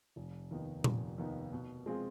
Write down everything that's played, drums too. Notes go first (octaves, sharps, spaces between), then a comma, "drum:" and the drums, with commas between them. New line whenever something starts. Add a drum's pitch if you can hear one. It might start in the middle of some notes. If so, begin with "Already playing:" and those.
F1
D#2 D#3 B3 D#4
F1, drum: tom A#2
D#2 D#3 B3 D#4
B2
G#3 C4 F4 G#4